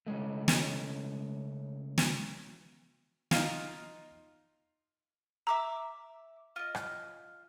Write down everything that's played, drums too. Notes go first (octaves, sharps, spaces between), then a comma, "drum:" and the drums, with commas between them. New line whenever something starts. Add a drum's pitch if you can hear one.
C#3 G#3 A3
drum: snare
drum: snare
D#4 F4 F5, drum: snare
E5 A#5 D6 E6
F4 D#5
drum: rim click